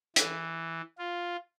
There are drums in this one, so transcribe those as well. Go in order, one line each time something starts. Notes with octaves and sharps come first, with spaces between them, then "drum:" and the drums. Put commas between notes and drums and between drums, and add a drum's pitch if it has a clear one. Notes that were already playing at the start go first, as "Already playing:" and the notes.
E3, drum: hi-hat
F4